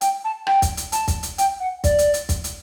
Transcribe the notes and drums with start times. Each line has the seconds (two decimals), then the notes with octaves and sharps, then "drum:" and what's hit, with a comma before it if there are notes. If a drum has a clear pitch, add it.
0.01 G5, drum: hi-hat
0.24 A5
0.47 G5, drum: rim click
0.62 drum: kick, hi-hat
0.77 drum: hi-hat
0.92 A5, drum: hi-hat
1.08 drum: kick, hi-hat
1.23 drum: hi-hat
1.38 G5, drum: hi-hat
1.60 F#5
1.84 D5, drum: kick, hi-hat
1.99 drum: hi-hat
2.14 drum: hi-hat
2.29 drum: kick, hi-hat
2.44 drum: hi-hat